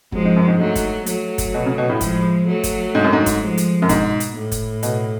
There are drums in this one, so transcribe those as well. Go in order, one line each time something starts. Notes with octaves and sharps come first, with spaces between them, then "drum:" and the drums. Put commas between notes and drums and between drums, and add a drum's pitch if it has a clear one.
F3 F#3 G#3, drum: kick F#1
G#2
F#2
G#2
G#2 F#3 A3
drum: kick F#1, hi-hat
F#3 A3, drum: hi-hat
drum: kick F#1, hi-hat
B2
C#3
B2
A2
F3 G#3, drum: kick F#1, hi-hat
F#3 A3
drum: kick F#1, hi-hat
G#2
F#2
G#2
drum: kick F#1, hi-hat
F3 G#3
drum: hi-hat
F#2
G#2 B2, drum: kick F#1, hi-hat
drum: hi-hat
A2
drum: kick F#1, hi-hat
B2, drum: hi-hat